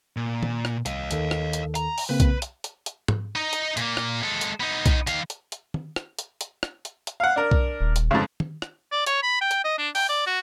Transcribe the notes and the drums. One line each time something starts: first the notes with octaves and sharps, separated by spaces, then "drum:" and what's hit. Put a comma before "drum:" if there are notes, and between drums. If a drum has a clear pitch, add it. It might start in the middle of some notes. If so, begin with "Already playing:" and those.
A#2
drum: tom
drum: rim click
C2 D#5 F5, drum: hi-hat
D#2 D#3 A4, drum: hi-hat
drum: rim click
drum: hi-hat
A#5, drum: hi-hat
drum: open hi-hat
C#3 A#3 C4 B4
drum: kick B1, hi-hat
drum: hi-hat
drum: hi-hat
drum: hi-hat
drum: tom G#2
D#4 D#5
drum: hi-hat
A#2 A#3, drum: hi-hat
drum: rim click
G#3 A4
drum: hi-hat
B3 D#4
drum: kick B1, hi-hat
D#3 F5, drum: hi-hat
drum: hi-hat
drum: hi-hat
drum: tom
drum: rim click
drum: hi-hat
drum: hi-hat
drum: rim click
drum: hi-hat
drum: hi-hat
F5 F#5
D4 A#4
drum: kick B1
D#1
drum: hi-hat
F2 G#2 C#3
drum: tom
drum: rim click
D5
C#5, drum: hi-hat
B5
G5
drum: hi-hat
D#5
D4
G5, drum: open hi-hat
D5
F#4